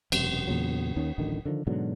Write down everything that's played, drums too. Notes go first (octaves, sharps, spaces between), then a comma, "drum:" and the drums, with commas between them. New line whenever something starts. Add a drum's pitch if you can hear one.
E1 F#2 C3, drum: cymbal
E2 A#2 C#3 F#3
D#2 D#3 C#4
D1 A1 D3 D#3
D3 D#3 F3
G#2 B2 D3 F#3